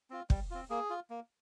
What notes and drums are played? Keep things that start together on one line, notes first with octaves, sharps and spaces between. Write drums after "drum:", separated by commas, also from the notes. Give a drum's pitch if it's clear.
C4 F4
G3, drum: kick
C4 F4
A#3 G#4
F4
A#3